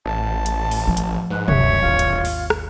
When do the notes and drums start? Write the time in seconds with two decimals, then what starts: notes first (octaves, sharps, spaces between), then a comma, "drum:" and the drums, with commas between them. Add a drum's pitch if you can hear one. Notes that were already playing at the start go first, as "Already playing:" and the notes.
0.06 A1 A5
0.46 drum: hi-hat
0.71 drum: open hi-hat
0.87 F3
0.97 drum: hi-hat
1.30 G#2 B4
1.48 D1 C#2 F#2 C#5 E5, drum: tom
1.82 G#1 D#2 F4
1.99 drum: hi-hat
2.25 drum: open hi-hat
2.50 drum: rim click